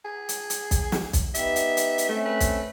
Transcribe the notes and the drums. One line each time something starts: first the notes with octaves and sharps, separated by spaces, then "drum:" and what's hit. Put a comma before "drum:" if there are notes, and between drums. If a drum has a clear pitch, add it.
G#4
drum: hi-hat
drum: hi-hat
drum: kick, hi-hat
drum: snare
drum: kick, hi-hat
B3 D#4 G4 E5, drum: hi-hat
drum: hi-hat
drum: hi-hat
drum: hi-hat
A3 C4 C#4
B4
drum: kick, hi-hat